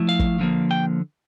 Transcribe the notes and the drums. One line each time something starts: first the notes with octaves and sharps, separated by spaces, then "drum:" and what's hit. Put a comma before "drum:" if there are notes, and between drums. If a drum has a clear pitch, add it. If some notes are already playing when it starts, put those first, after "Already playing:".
Already playing: F3 A3 E4
F5
drum: kick
D3 F3 A#3
G5